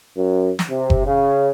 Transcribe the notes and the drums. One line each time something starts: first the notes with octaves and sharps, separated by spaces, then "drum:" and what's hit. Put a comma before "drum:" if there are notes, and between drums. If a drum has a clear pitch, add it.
F#2
drum: snare
C3
drum: kick F#1
C#3